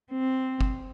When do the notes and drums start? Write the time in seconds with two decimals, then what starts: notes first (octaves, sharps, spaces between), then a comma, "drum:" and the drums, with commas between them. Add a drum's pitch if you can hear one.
0.12 C4
0.61 drum: kick G1